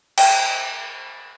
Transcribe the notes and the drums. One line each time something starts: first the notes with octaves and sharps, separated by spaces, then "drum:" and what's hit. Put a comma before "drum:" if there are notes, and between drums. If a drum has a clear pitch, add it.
G5, drum: cymbal